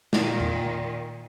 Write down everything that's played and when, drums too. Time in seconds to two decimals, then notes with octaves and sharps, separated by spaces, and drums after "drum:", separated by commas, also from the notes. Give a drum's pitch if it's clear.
0.13 A#2 D#3, drum: snare
0.40 drum: tom E2